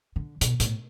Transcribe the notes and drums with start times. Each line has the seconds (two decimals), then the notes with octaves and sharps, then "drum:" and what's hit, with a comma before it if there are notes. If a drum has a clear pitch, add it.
0.16 D3
0.41 B2, drum: hi-hat
0.60 A2, drum: hi-hat